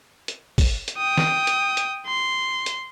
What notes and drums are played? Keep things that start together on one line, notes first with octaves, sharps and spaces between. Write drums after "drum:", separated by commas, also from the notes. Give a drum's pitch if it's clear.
drum: hi-hat
drum: kick, open hi-hat
drum: hi-hat
G5 D#6
drum: snare
drum: hi-hat
drum: hi-hat
C6
drum: hi-hat